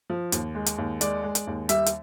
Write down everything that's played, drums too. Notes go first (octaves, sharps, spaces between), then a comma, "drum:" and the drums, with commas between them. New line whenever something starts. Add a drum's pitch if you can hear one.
F3
D#2, drum: hi-hat
G#3
drum: hi-hat
D#2
G#3 D5, drum: hi-hat
G#3
drum: hi-hat
D#2
G3 E5, drum: hi-hat
drum: hi-hat